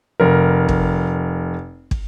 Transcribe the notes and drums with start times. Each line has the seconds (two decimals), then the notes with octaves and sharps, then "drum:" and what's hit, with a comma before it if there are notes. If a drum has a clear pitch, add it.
0.20 F1 A#4
0.69 drum: kick
1.91 drum: kick